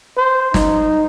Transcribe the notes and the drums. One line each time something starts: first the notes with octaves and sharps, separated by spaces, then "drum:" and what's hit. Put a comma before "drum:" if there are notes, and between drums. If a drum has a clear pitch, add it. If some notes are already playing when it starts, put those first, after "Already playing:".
C5
D#4, drum: snare